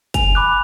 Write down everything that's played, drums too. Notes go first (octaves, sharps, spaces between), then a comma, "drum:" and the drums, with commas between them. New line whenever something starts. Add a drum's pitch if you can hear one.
G#5 F7, drum: kick, hi-hat
B5 D6 F#6